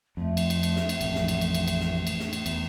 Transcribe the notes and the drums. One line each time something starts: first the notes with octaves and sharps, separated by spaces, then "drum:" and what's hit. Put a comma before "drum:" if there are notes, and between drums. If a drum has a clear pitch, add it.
F2 A3
drum: cymbal
drum: cymbal
drum: cymbal
drum: snare
drum: cymbal
A1 F2, drum: cymbal
drum: snare
drum: cymbal
drum: cymbal
drum: cymbal
drum: cymbal
drum: snare
drum: cymbal
drum: snare
drum: cymbal
E2, drum: cymbal